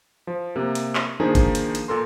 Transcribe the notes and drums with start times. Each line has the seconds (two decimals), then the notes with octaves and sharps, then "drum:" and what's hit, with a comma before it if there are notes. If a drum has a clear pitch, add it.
0.27 F3
0.56 C3 A#3
0.75 drum: hi-hat
0.95 drum: clap
1.20 D#3 F3 A#3 D4 D#4 G#4
1.35 drum: kick G#1, hi-hat
1.55 drum: hi-hat
1.75 drum: hi-hat
1.88 A#2 A4 A#4 C6